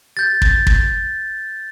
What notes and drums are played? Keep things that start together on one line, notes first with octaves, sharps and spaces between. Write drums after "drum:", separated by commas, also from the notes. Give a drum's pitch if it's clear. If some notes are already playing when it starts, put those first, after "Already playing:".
G6 A6
drum: kick
drum: kick